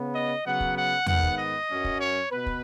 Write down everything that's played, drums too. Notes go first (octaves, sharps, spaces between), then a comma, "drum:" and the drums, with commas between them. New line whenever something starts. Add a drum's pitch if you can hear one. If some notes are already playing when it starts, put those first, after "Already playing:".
Already playing: C#3 B3
D#5
C#3 F#3 B3 F#5
drum: kick
F#5
G#2 D#3 B3 F#5, drum: tom E2
drum: kick
D#5
F#2 F#3 C#4
drum: kick
C#5
B2 B3 B4
drum: kick